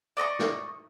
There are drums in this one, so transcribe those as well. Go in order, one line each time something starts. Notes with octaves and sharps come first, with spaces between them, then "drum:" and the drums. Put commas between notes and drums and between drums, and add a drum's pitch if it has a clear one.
D5 D#5 A#5 C#6
drum: snare